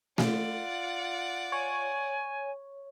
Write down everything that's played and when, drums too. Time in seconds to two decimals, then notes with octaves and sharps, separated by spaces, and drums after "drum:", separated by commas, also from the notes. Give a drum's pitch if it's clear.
0.18 F4 D5 F#5, drum: snare A3
1.52 C#5 G#5